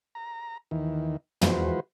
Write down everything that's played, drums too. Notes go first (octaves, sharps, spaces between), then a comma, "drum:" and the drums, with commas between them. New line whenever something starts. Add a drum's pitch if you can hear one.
A#5
D#2 D#3 E3
E3 F3 G#3 F#4 B4 C5, drum: tom